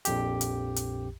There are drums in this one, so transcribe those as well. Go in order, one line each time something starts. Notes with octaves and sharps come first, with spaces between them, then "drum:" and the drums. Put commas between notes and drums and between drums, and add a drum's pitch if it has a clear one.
A#1 F2 G4, drum: hi-hat
drum: hi-hat
drum: hi-hat